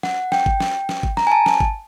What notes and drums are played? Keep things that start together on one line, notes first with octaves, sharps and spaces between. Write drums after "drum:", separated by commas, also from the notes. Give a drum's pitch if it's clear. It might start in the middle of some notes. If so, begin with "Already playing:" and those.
F#5, drum: snare
G5, drum: snare
drum: kick G#1
drum: snare
drum: snare
drum: kick G#1
A#5, drum: snare
G#5
A5
drum: snare
drum: kick G#1